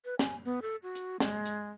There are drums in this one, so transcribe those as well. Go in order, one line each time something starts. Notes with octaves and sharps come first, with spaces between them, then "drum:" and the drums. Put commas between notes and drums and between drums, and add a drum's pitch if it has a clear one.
B4
G#5, drum: snare
B3
A4
F#4
drum: hi-hat
G#3, drum: snare
drum: hi-hat